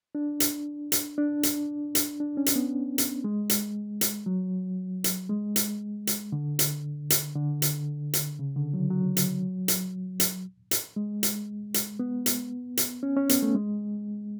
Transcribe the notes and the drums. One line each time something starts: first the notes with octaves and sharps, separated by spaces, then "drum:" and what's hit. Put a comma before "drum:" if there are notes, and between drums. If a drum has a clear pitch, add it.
D4
drum: hi-hat
drum: hi-hat
D4
drum: hi-hat
drum: hi-hat
D4
C#4
drum: hi-hat
B3
drum: hi-hat
G#3
drum: hi-hat
drum: hi-hat
F#3
drum: hi-hat
G#3
drum: hi-hat
drum: hi-hat
D3
drum: hi-hat
drum: hi-hat
D3
drum: hi-hat
drum: hi-hat
C#3
D3
F#3
F#3
drum: hi-hat
drum: hi-hat
drum: hi-hat
drum: hi-hat
G#3
drum: hi-hat
drum: hi-hat
B3
drum: hi-hat
drum: hi-hat
C#4
C#4
B3, drum: hi-hat
A3
G#3